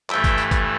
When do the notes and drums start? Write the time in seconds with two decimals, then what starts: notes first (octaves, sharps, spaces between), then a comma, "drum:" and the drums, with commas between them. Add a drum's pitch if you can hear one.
0.10 G2 E3 A3 E5 G5, drum: clap
0.24 drum: kick, tambourine
0.38 drum: tambourine
0.51 drum: kick, tambourine